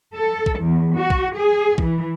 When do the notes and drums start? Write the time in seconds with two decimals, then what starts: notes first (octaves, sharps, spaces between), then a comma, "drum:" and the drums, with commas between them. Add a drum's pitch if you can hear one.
0.14 A4
0.46 drum: kick
0.60 E2
0.96 F#4
1.10 drum: kick
1.35 G#4
1.78 E3, drum: kick